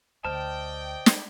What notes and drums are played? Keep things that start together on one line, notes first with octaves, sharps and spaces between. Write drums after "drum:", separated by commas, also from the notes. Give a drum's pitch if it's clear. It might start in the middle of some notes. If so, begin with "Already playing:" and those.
D2 C5 D5 D#5 G5 A5 F6
drum: snare